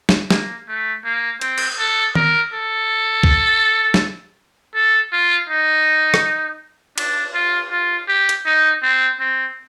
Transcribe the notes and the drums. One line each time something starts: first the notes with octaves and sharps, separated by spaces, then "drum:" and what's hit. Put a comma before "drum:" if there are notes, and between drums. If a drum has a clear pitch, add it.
drum: snare
A#3, drum: snare
A3
A#3
C4, drum: hi-hat
drum: cymbal
A4
A#4, drum: tom D#3
A4
drum: kick C2
drum: snare
A4
F4
D#4
drum: rim click
D4, drum: cymbal
F4
F4
G4
drum: hi-hat
D#4
C4
C4